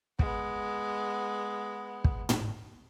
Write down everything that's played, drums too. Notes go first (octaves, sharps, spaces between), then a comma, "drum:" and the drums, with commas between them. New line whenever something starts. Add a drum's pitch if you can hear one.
G#3 B3, drum: kick
drum: kick
drum: tom